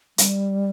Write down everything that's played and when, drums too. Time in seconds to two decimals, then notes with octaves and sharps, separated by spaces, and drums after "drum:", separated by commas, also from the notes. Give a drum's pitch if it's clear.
0.18 G3, drum: hi-hat